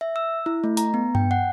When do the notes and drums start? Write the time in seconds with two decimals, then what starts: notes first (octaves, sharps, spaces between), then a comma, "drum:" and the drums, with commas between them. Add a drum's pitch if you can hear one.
0.01 E5
0.16 E6
0.46 E4
0.64 A3
0.77 A#5, drum: hi-hat
0.94 B3
1.15 G5, drum: tom G2
1.31 F#5